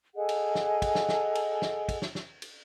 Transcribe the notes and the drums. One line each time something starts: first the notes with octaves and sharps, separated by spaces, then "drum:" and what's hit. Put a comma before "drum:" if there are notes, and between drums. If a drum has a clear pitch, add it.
G#4 A4 D#5 F#5
drum: cymbal
drum: snare
drum: kick, cymbal
drum: snare
drum: snare
drum: cymbal
drum: snare
drum: kick, cymbal
drum: snare
drum: snare
drum: cymbal